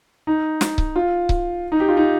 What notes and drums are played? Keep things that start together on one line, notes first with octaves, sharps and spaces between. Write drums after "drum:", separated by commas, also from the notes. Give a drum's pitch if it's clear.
D#4
drum: snare
drum: kick C#1
F4
drum: kick C#1
D#4
G4
F4
D#4